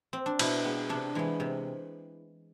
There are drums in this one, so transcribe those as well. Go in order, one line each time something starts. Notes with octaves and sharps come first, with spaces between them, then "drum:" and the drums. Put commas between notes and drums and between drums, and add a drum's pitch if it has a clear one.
C4
D4
B2 E4, drum: cymbal
G#3 B3
C3 D4
E3 G#3 B3
C3